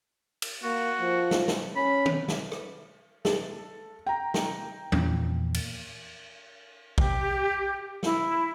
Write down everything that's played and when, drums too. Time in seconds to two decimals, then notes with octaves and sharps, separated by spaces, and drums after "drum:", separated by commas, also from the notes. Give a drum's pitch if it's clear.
0.42 drum: cymbal
0.63 A#3 F#4
1.00 F3
1.31 drum: snare
1.48 drum: snare
1.76 C#4 B5
2.06 drum: tom
2.28 drum: snare
2.52 drum: rim click
3.25 A4, drum: snare
4.06 G5 A#5
4.34 drum: snare
4.92 E2 A#2 F3, drum: tom F3
5.54 drum: cymbal
6.98 G4, drum: kick A#1
8.03 E4, drum: snare